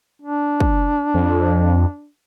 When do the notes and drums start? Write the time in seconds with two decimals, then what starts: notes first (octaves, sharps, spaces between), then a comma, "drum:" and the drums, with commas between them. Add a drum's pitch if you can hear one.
0.22 D4
0.60 drum: kick
1.14 F2